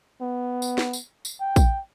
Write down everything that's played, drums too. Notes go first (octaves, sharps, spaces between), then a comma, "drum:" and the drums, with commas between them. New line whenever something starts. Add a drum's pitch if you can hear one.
B3
drum: tambourine
drum: snare
drum: tambourine
drum: tambourine
G5
drum: kick, tambourine